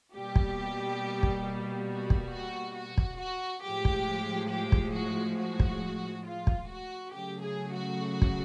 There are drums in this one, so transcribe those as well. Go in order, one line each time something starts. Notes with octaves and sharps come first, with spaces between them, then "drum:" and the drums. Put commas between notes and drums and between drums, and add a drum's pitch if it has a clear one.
B2 G3 A#3 G4
drum: kick
drum: kick
F#4
drum: kick
F#4
F#4
drum: kick
F#4
A2 F3 G#3 G4
drum: kick
G4
drum: kick
F#4
F#4
drum: kick
F4
drum: kick
F#4
C#3 F#3 A3 G4
G#4
F#4
drum: kick